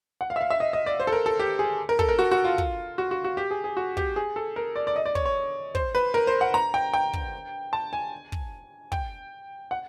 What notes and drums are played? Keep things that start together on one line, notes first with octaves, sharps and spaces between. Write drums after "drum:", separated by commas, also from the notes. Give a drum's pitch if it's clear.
F#5
F5
E5
F5
E5
D#5
D#5
D5
C5
A4
A#4
A4
G4
G#4
A#4
A4, drum: kick
A#4
F#4
F#4
F4
drum: kick
F#4
F#4
F#4
G4
G#4
G#4
F#4
G4, drum: kick
G#4
A4
A#4
D5
D5
D#5
D5
C#5, drum: kick
C#5
C5, drum: kick
B4
A#4
C5
F#5
A#5
G5
G5
drum: kick
A5
G#5
drum: kick
G5, drum: kick
F#5